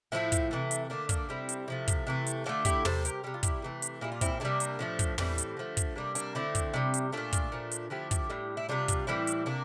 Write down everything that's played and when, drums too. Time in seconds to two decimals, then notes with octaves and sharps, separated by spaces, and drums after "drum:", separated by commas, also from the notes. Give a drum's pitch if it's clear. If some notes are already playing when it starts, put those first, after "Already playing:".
0.12 A2 F3 A3 C4 E4
0.32 drum: kick, hi-hat
0.51 C3 E3 A3
0.71 drum: hi-hat
0.90 D3 A3 A#3 D4
1.09 A#3 D4, drum: kick, hi-hat
1.29 C3 G3 C4 E4
1.49 drum: hi-hat
1.68 C3 F3 A3
1.88 drum: kick, hi-hat
2.07 C3 E3 A3
2.26 drum: hi-hat
2.46 D3 A3 D4 F4
2.65 E4 G4, drum: kick, hi-hat
2.85 C3 G3 A4 C5, drum: tom
3.05 G4 A#4, drum: hi-hat
3.24 C3 G3 G4
3.34 F4
3.43 E4 G4, drum: kick, hi-hat
3.62 C3 E3 A3
3.82 drum: hi-hat
4.01 A#2 G3 E4
4.12 F4
4.21 C4 E4, drum: kick, hi-hat
4.40 C3 G3 A#3 D4
4.60 drum: hi-hat
4.79 A2 F3 A3
4.99 drum: kick, hi-hat
5.18 A2 E3 G3 A3 C4, drum: tom
5.38 drum: hi-hat
5.57 D3 F3 A3
5.77 drum: kick, hi-hat
5.95 C3 G3 A#3 D4
6.15 A#3 D4, drum: hi-hat
6.35 D3 A3 C4 E4
6.55 drum: kick, hi-hat
6.74 C3 G3
6.94 drum: hi-hat
7.12 A#2 A3 D4 F4
7.33 drum: kick, hi-hat
7.52 A#2 F3 A3
7.71 drum: hi-hat
7.90 D3 F3 A3 E4 G4
8.11 E4 G4, drum: kick, hi-hat
8.30 A2 G3
8.57 E4
8.69 C3 G3 D4 F4
8.88 drum: kick, hi-hat
9.07 A2 E3 G3 C4 E4
9.27 drum: hi-hat
9.46 C3 A#3 D4